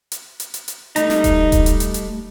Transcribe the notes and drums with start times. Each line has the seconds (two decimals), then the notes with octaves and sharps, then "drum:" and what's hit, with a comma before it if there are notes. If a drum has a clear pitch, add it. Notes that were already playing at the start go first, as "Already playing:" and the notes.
0.12 drum: hi-hat
0.40 drum: hi-hat
0.54 drum: hi-hat
0.68 drum: hi-hat
0.96 G3 A3 D#4 A#5, drum: hi-hat
1.10 drum: snare
1.24 drum: kick D#1, hi-hat
1.52 drum: kick D#1, hi-hat
1.66 drum: hi-hat
1.80 drum: hi-hat
1.94 drum: hi-hat